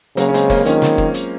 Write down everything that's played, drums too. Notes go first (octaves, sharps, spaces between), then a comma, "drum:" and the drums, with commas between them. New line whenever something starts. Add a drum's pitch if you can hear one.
C#3 F#3 A#3, drum: hi-hat
C#4
G#3 C4, drum: hi-hat
A#3 C#4, drum: kick, open hi-hat
D#3 C#4 F4, drum: hi-hat
drum: snare
drum: kick
drum: hi-hat